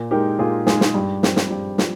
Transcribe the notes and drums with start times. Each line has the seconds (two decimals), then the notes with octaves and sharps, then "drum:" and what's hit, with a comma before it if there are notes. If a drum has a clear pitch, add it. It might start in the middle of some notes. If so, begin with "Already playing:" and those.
Already playing: A#2
0.11 G#3 D#4 G4 A#4
0.39 A#2 F4 G#4
0.67 G#3 D#4 F4 G#4, drum: snare
0.81 drum: snare
0.94 G2 G4
1.23 F3 C4, drum: snare
1.36 drum: snare
1.50 G2 G4
1.78 F3, drum: snare